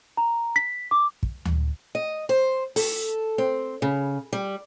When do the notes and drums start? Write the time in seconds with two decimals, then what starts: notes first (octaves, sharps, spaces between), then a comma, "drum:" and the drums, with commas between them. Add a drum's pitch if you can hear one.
0.17 A#5
0.56 B6
0.91 D6
1.23 drum: kick
1.45 drum: tom D2
1.95 D#5
2.29 C5
2.76 A4, drum: open hi-hat
3.38 C4
3.82 C#3
4.33 G3